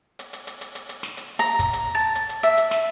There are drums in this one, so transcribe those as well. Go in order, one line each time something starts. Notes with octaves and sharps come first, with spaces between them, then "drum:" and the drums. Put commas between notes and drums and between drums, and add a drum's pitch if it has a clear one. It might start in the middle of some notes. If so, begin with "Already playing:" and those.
drum: hi-hat
drum: hi-hat
drum: hi-hat
drum: hi-hat
drum: hi-hat
drum: hi-hat
drum: snare
drum: hi-hat
A#5
drum: kick, hi-hat
drum: hi-hat
A5
drum: hi-hat
drum: hi-hat
E5, drum: hi-hat
drum: hi-hat
drum: snare